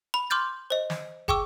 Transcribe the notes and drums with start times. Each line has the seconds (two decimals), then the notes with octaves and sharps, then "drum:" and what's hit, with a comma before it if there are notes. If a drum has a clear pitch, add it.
0.14 B5
0.30 C6 D6 F6 G6 A6
0.70 C5 D#5
0.90 drum: snare
1.28 G#4 G5 C#6 D6 E6, drum: kick